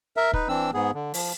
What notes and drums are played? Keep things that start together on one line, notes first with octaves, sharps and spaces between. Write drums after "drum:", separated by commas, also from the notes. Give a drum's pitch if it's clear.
A#4 E5
D#4 B4, drum: kick
E3 C4 D4 E6
G#2 B3 G#4
D3
F3, drum: open hi-hat